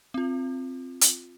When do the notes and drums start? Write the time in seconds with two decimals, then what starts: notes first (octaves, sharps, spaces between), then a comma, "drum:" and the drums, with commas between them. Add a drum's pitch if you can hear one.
0.14 C4 F4
1.01 drum: hi-hat